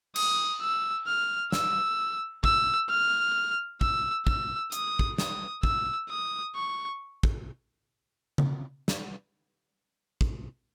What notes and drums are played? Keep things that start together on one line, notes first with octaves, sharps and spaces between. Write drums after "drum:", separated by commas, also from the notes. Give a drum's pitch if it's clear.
D#6, drum: cymbal
E6
F6
E6, drum: snare
E6, drum: kick
F6
E6, drum: kick
E6, drum: kick
D#6, drum: hi-hat
drum: kick
D#6, drum: snare
E6, drum: kick
D#6
C#6
drum: kick
drum: tom C#3
drum: snare
drum: kick